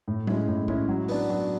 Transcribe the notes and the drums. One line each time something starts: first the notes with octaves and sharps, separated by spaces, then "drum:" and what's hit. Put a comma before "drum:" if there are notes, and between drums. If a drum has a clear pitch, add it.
A2
G#3 C#4 E4, drum: tom F#3
A2
G#3 C#4 E4, drum: kick
F#3
B3 D4, drum: open hi-hat
F#3